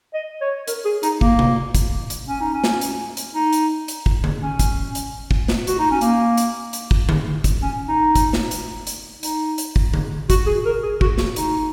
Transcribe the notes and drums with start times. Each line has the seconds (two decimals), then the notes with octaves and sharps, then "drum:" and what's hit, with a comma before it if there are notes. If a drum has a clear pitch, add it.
0.14 D#5
0.41 C#5
0.68 A#4, drum: hi-hat
0.85 G#4
1.03 D#4, drum: hi-hat
1.21 A#3, drum: kick
1.39 drum: tom C3
1.75 drum: kick, hi-hat
2.10 drum: hi-hat
2.28 C#4
2.41 D#4
2.54 C#4
2.64 drum: snare
2.81 drum: hi-hat
3.17 drum: hi-hat
3.35 D#4
3.53 drum: hi-hat
3.88 drum: hi-hat
4.06 drum: kick
4.24 drum: tom D3
4.42 C#4
4.59 drum: kick, hi-hat
4.95 drum: hi-hat
5.31 drum: kick
5.48 drum: snare
5.67 F#4, drum: hi-hat
5.79 D#4
5.91 C#4
6.01 A#3, drum: hi-hat
6.37 drum: hi-hat
6.73 drum: hi-hat
6.91 drum: kick
7.09 drum: tom D3
7.44 drum: kick, hi-hat
7.62 C#4
7.88 D#4
8.16 drum: kick, hi-hat
8.33 drum: snare
8.51 drum: hi-hat
8.87 drum: hi-hat
9.23 D#4, drum: hi-hat
9.58 drum: hi-hat
9.76 drum: kick
9.94 drum: tom D3
10.30 F#4, drum: kick, hi-hat
10.46 G#4
10.65 A#4
10.83 G#4
11.01 F#4, drum: kick
11.18 F#4, drum: snare
11.36 D#4, drum: hi-hat